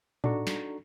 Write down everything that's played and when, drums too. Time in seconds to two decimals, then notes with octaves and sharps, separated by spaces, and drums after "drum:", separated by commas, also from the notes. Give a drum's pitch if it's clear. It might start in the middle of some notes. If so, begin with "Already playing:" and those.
0.24 D4 D#4 F#4 A4 A#5 C#6, drum: tom A2
0.47 drum: snare